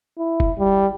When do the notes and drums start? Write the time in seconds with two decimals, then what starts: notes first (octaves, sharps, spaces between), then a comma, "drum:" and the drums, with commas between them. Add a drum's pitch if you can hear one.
0.18 E4
0.40 drum: kick
0.59 G3